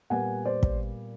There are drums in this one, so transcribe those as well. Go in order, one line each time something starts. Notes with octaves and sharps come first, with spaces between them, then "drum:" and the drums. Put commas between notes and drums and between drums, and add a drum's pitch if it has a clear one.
A#2 G3 B3 F#5 G#5
C5 D5
drum: kick